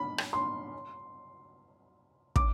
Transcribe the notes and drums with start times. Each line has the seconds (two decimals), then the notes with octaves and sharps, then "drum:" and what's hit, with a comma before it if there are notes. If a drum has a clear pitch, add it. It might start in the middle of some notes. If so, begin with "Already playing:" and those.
Already playing: B5
0.18 drum: rim click
0.33 C6
2.36 D6, drum: kick